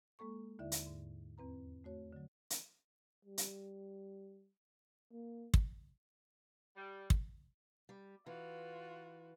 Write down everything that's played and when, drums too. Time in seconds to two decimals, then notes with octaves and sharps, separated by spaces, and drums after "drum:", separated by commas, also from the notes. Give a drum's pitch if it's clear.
0.19 G#3 A#3 A4 C#6
0.59 D#2 D3 E4 D5 E5
0.72 drum: hi-hat
0.86 G#2
1.38 E2 C4 B4 A#5
1.84 A3 F#4 C#5
2.13 D3 F#3
2.50 drum: hi-hat
3.25 G3
3.38 drum: hi-hat
5.12 A#3
5.54 drum: kick
6.76 G3
7.10 drum: kick
7.89 G3
8.26 E3 F4 F#4